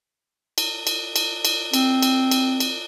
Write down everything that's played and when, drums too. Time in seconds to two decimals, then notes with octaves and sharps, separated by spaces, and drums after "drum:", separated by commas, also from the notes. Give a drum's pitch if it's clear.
0.58 drum: cymbal
0.87 drum: cymbal
1.16 drum: cymbal
1.45 drum: cymbal
1.74 C4, drum: cymbal
2.02 drum: cymbal
2.31 drum: cymbal
2.60 drum: cymbal